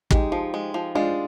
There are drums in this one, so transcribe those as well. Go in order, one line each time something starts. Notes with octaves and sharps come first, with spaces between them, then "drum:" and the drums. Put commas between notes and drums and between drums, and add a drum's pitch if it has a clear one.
G#3 D#4 G4, drum: kick
F3
G#3
F3
G#3 D4 F4